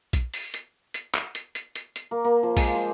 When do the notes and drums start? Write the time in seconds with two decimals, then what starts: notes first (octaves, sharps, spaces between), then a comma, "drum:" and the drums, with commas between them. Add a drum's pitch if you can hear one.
0.13 drum: kick A#1, hi-hat
0.34 drum: open hi-hat
0.54 drum: hi-hat
0.94 drum: hi-hat
1.15 drum: clap
1.35 drum: hi-hat
1.55 drum: hi-hat
1.76 drum: hi-hat
1.96 drum: hi-hat
2.11 A#3
2.24 A#3
2.43 F3
2.57 G#3, drum: kick A#1, open hi-hat
2.75 C5